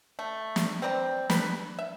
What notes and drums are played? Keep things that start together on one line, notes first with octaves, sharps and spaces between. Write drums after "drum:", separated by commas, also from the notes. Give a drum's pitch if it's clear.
A3
drum: snare
C4 B4 D5 A#5
B4 B5, drum: snare
E5